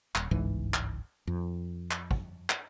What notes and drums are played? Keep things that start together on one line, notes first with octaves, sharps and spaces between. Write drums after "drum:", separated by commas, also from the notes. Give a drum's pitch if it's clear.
D#1, drum: clap
G1 C#2 G#2 E3
drum: clap
F2
drum: clap
drum: kick
drum: clap